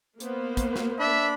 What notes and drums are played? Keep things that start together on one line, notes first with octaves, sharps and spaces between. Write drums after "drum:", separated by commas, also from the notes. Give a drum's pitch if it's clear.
A#3 B3 C5, drum: hi-hat
drum: kick, hi-hat
drum: snare
D4 E5 B5